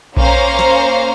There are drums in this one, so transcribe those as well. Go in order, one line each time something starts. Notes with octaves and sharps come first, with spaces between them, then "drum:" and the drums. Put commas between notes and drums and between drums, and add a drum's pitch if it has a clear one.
A#3 C#4 C5 F5 A#5, drum: kick A#1
drum: snare